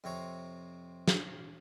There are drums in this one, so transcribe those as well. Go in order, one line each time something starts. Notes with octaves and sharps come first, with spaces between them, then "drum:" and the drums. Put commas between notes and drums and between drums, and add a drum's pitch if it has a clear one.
F2 C3 C4 C#5 A#5
drum: snare